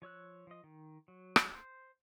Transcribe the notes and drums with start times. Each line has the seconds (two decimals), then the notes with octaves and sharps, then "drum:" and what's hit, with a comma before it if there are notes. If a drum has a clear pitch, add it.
0.02 F3 C#5 E6 F#6
0.47 F3 D#5
0.64 D#3
1.08 F#3
1.36 drum: rim click
1.55 C5